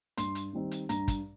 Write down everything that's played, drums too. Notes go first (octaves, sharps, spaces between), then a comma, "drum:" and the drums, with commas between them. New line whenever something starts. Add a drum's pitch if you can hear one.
G2 C6, drum: hi-hat
drum: hi-hat
D#3 G3 C4 D#4
drum: hi-hat
G2 A#5, drum: hi-hat
drum: kick, hi-hat